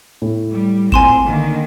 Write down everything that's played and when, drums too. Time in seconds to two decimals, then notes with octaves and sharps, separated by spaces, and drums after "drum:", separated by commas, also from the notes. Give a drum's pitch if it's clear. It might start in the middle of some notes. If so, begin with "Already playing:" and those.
0.22 A2
0.52 G3
0.92 A#2 C4 G#5 C6 E7, drum: kick G#1
1.25 D3 D#3 A#3